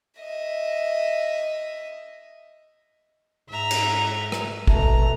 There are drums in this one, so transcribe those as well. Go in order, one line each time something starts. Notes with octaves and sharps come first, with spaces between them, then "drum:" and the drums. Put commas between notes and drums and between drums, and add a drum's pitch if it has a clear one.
D#5 E5
G#2 E5 A#5
drum: cymbal
drum: rim click
B2 A3 A#5, drum: kick A1